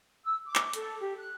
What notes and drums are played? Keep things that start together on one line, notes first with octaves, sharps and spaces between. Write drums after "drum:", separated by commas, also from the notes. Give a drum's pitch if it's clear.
E6
D6
drum: clap
A4, drum: hi-hat
G4
F#6